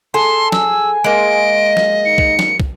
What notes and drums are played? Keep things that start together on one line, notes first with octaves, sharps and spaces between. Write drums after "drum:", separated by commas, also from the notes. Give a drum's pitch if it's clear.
G#4 A4 C6
G#5 E6, drum: snare
G#3 A#3 D#5 D7
drum: snare
D#2 D#3 D#4 C#7
drum: kick
drum: snare
drum: kick